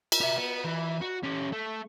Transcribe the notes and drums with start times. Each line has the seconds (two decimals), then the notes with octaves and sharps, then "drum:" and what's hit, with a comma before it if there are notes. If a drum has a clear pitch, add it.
0.12 drum: cymbal
0.21 G4 E5
0.38 B3
0.64 E3
1.02 F#4
1.23 C#4 G4
1.52 A3